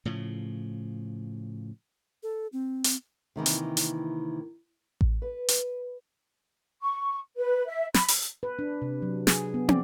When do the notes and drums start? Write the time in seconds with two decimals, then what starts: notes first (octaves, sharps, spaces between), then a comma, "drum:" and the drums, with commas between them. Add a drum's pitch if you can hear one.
0.05 A2 C#3 F3
2.23 A4
2.53 C4
2.84 drum: hi-hat
3.36 C3 D#3 E3 A#3
3.46 drum: hi-hat
3.77 drum: hi-hat
5.01 drum: kick A1
5.22 B4
5.48 drum: hi-hat
6.82 C#6
7.37 B4
7.67 E5
7.94 B5, drum: snare
8.08 drum: open hi-hat
8.43 B4
8.59 D4
8.82 C3
9.02 F#3
9.27 G#4, drum: snare
9.54 B3
9.69 D5, drum: tom